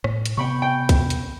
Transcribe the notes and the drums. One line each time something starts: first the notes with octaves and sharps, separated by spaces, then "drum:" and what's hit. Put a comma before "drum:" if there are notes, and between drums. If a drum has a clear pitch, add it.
A2, drum: rim click
drum: hi-hat
C3 B3 G5 B5 C#6
G5
drum: kick, hi-hat
drum: hi-hat